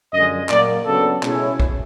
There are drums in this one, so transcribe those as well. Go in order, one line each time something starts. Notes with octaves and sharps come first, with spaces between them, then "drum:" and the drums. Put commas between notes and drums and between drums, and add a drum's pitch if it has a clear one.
F#2 D3 F3 G#3 D#5
A#2 F#3 A#3 D5, drum: clap
C#3 F#3 B3 D4 A4
B2 G#3 C#4 E4, drum: clap
drum: kick